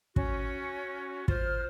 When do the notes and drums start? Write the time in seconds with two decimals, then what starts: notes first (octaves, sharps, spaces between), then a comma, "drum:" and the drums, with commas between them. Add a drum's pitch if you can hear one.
0.16 C#4 F#4, drum: kick
1.28 F4 C5 F6, drum: kick